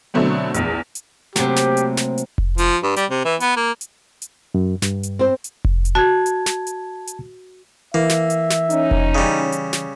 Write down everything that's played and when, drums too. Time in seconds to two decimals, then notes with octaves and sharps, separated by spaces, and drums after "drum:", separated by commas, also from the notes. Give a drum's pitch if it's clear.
0.14 B2 D3 F#3 A3 B3 C4
0.54 A#1 E2, drum: hi-hat
0.95 drum: hi-hat
1.36 C3 F#3 A3 A#3 G4 C5, drum: snare
1.56 drum: snare
1.77 drum: hi-hat
1.97 drum: snare
2.18 drum: hi-hat
2.38 drum: kick F1
2.58 F3, drum: hi-hat
2.83 G2
2.96 G3, drum: hi-hat
3.10 C3
3.25 E3
3.40 B3, drum: hi-hat
3.57 A#3
3.81 drum: hi-hat
4.22 drum: hi-hat
4.54 F#2
4.82 G2, drum: snare
5.03 drum: hi-hat
5.19 C4 C5
5.44 drum: hi-hat
5.65 drum: kick F1
5.85 drum: hi-hat
5.95 F#4 A5 G#6
6.26 drum: hi-hat
6.46 drum: snare
6.67 drum: hi-hat
7.07 drum: hi-hat
7.94 E3 A#3 E5
8.09 drum: snare
8.30 drum: hi-hat
8.50 drum: snare
8.70 C#4 D#4, drum: hi-hat
8.91 drum: kick F1
9.15 C#3 G3
9.52 drum: hi-hat
9.73 drum: snare